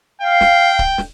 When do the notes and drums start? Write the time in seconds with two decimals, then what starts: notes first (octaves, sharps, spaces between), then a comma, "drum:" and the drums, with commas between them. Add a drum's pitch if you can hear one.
0.21 F5 G5
0.41 drum: snare
0.79 drum: kick C#1
0.98 drum: snare